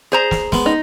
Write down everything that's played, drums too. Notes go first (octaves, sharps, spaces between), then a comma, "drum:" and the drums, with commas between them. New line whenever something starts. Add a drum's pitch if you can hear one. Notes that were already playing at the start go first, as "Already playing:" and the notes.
G#4 C5 A#5
drum: snare
G#3 B3, drum: snare
D#4